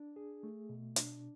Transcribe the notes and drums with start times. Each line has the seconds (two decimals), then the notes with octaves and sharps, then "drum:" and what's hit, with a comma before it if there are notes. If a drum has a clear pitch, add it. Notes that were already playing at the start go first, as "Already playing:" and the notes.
Already playing: D4
0.16 G#4
0.43 A3
0.69 B2
0.96 D4, drum: hi-hat